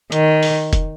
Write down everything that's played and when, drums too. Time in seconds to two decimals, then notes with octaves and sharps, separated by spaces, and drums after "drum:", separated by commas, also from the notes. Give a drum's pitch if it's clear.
0.12 D#3, drum: hi-hat
0.43 drum: open hi-hat
0.73 drum: kick F1, hi-hat